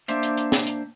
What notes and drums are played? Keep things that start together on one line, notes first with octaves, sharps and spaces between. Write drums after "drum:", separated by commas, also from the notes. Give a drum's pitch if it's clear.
A#3 D4 C5 E5, drum: hi-hat
drum: hi-hat
drum: hi-hat
drum: snare
drum: hi-hat